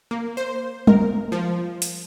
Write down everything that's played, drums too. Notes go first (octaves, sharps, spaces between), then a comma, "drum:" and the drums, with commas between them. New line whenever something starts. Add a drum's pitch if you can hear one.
A#3
C5
A#4, drum: tom G3
F3
drum: hi-hat